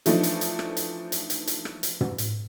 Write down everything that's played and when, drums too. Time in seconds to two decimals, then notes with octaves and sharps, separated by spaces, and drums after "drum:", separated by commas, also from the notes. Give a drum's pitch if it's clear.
0.06 E3 F3 A3 D4 D#4, drum: hi-hat
0.23 drum: hi-hat
0.41 drum: hi-hat
0.59 drum: rim click
0.77 drum: hi-hat
1.12 drum: hi-hat
1.30 drum: hi-hat
1.47 drum: hi-hat
1.65 drum: rim click
1.83 drum: hi-hat
2.01 drum: tom
2.18 drum: hi-hat